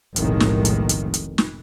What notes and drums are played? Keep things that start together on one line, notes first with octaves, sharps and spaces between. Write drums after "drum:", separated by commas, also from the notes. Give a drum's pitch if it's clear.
F1 B1 A2 D#3 G#3, drum: hi-hat
drum: snare
drum: hi-hat
drum: hi-hat
drum: hi-hat
drum: snare